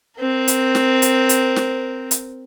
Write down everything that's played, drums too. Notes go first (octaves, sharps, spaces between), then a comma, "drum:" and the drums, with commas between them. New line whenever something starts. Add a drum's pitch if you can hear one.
C4 A#4
drum: hi-hat
drum: snare
drum: hi-hat
drum: hi-hat
drum: snare
drum: hi-hat